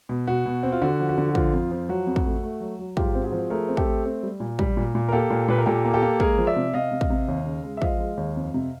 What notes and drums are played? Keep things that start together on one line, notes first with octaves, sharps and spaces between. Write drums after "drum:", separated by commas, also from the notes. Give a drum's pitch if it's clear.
B2
B2 F#4
B2
C4
F4
D3 F#4
F3
F#4
D3
F#4
F3 F4, drum: kick
F2
F3
F#3 F#4
F2
drum: kick
A3
A3
F#3
F#3
G#2 F4 G4, drum: kick
C4
F#4 G#4
F3
A3 G#4 A#4
C4
G4 A4, drum: kick
A3
C4
G3
A#2
G3, drum: kick
A#2
A#2
A#4
A#3 G4 A4
A#2
A#2 B4
A#4
A#2 G4 A4
A#3
G4 A4
A#3
G#3 G#4 A#4, drum: kick
F3
D5 E5
C3
C3 D#5 F5
C3
drum: kick
C3
D#2
C#3
G#3
E5
F3 D#5 F5, drum: kick
G#3
D#2
F2
C3